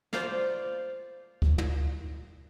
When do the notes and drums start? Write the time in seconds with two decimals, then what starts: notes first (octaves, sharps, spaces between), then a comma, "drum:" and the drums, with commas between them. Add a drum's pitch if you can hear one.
0.13 F4 C5 D5 F5, drum: snare
1.42 drum: kick D2
1.58 drum: tom